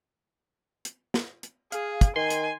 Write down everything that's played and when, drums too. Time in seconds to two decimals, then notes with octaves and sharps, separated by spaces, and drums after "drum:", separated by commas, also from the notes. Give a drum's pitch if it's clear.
0.85 drum: hi-hat
1.14 drum: snare
1.43 drum: hi-hat
1.72 G#4 F5, drum: hi-hat
2.01 drum: kick, hi-hat
2.16 D#3 G#5 C6
2.30 drum: hi-hat